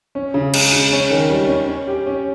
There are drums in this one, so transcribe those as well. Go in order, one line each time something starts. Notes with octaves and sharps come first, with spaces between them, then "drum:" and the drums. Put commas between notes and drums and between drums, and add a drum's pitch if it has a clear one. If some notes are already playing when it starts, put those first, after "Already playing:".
C#4
C#3
G#3, drum: cymbal
C#3
C#4
D#3
G3
C#4
C#4
G4
C#4